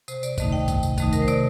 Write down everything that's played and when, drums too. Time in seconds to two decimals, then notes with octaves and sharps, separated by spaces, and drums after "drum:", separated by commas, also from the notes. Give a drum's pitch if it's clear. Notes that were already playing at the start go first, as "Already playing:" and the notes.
0.08 C3 C5, drum: tambourine
0.23 D5, drum: tambourine
0.38 D#3 A3 D#4 D#5, drum: kick, tambourine
0.52 G5
0.68 C3 G5, drum: kick, tambourine
0.83 drum: tambourine
0.98 D#3 A3 D#4 D#5, drum: kick, tambourine
1.13 A#4, drum: tambourine
1.22 C5
1.28 C3 D5, drum: tambourine